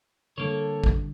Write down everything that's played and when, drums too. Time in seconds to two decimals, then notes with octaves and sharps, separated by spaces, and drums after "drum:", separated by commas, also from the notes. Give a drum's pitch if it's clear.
0.38 D3 G3 A#3 A4 C#5
0.84 drum: kick